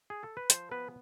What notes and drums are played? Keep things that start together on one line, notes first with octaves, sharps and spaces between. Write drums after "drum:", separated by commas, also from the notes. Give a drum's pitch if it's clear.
G#4
A4
B4
F3 C5, drum: hi-hat
B3 B4